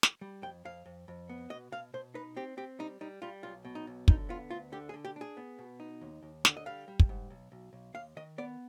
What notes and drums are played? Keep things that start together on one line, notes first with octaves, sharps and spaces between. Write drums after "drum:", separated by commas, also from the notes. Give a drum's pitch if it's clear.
drum: snare
G3
F2 G5
F2 F5
F2
F2
B3
B2 D#5
B2 F5
B2 C5
D#4 B4
C4 G4
C4 G4
G3 D#4
G3 D#4
G3 F4
B1 F4
B2
D#4
B1
D3 D#4, drum: kick
B3 F4
D2 F4
D3 G4
G#4
D3
G4
D4 G#4
B3
B2
D#4
D#2
D#2
D3, drum: snare
D#5
G3 F5
G3
drum: kick
G#2
B1
B1
B1
D#2 F5
D#3 D#5
B3 D5